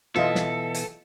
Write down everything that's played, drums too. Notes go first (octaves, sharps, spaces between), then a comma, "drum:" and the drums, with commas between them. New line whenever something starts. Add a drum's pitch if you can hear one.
B2 E3 E4 F4 A4 D#5
drum: snare
drum: hi-hat